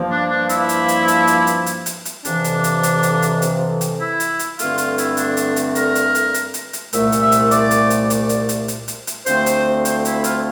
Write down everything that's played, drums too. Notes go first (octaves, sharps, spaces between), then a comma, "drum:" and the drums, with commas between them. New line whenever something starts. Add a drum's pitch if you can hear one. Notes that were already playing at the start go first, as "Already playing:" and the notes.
Already playing: G2 F3 A#3
D4
D4
E4, drum: hi-hat
drum: hi-hat
drum: hi-hat
drum: hi-hat
drum: hi-hat
drum: hi-hat
drum: hi-hat
drum: hi-hat
drum: hi-hat
F2 C3 E3 D4, drum: hi-hat
drum: hi-hat
drum: hi-hat
drum: hi-hat
drum: hi-hat
drum: hi-hat
drum: hi-hat
drum: hi-hat
E4
drum: hi-hat
drum: hi-hat
G2 D3 A3 C4 F4, drum: hi-hat
F4, drum: hi-hat
E4, drum: hi-hat
D4, drum: hi-hat
drum: hi-hat
drum: hi-hat
A#4, drum: hi-hat
drum: hi-hat
drum: hi-hat
drum: hi-hat
drum: hi-hat
drum: hi-hat
C2 A#2 A3 E5, drum: hi-hat
drum: hi-hat
E5
drum: hi-hat
D5, drum: hi-hat
drum: hi-hat
drum: hi-hat
D5, drum: hi-hat
drum: hi-hat
drum: hi-hat
drum: hi-hat
drum: hi-hat
drum: hi-hat
D2 D3 F3 A3 C4 C5, drum: hi-hat
drum: hi-hat
C5, drum: hi-hat
E4, drum: hi-hat
F4, drum: hi-hat